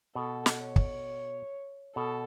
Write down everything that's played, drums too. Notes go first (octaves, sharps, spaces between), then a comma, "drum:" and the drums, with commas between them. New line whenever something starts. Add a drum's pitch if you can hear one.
B2 A4
drum: snare
C#5
drum: kick
B2 A4